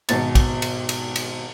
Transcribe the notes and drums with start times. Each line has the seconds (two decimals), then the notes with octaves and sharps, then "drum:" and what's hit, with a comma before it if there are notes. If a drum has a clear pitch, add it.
0.09 G#1 B2 A6, drum: cymbal
0.35 drum: kick, cymbal
0.62 drum: cymbal
0.89 drum: cymbal
1.16 drum: cymbal